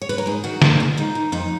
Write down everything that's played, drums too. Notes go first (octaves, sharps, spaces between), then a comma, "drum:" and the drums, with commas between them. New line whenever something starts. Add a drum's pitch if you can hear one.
C#5
B4
A#4
G#2 G#4
D#3 F#4
F#2 F4, drum: snare
C#3
G#2 D#4
D#3
F2 D#4